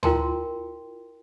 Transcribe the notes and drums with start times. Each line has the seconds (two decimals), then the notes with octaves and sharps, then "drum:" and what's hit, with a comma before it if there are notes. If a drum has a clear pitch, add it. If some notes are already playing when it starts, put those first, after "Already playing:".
0.03 E4 F4 A#4 G5 A#5 C6, drum: tom D2